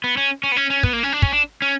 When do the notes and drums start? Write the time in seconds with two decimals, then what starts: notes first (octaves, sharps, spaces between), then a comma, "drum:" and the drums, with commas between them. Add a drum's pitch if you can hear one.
0.04 B3
0.17 C#4
0.43 C#4
0.52 B3
0.56 C#4
0.70 C#4
0.83 B3, drum: kick
0.93 A#3
1.03 C#4
1.13 D4
1.22 C#4, drum: kick
1.32 D4
1.62 C#4